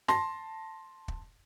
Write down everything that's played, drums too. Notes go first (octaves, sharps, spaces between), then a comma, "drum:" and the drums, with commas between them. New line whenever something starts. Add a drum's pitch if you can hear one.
A5 C6 A#6, drum: snare
drum: kick